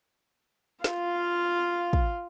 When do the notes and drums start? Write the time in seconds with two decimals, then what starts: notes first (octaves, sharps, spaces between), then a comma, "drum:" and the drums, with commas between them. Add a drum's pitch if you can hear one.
0.84 F4 F5, drum: snare
1.93 drum: kick